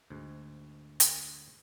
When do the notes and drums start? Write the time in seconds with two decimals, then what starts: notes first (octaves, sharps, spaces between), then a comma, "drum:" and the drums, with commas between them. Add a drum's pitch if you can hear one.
0.10 D2 G#2
1.00 drum: hi-hat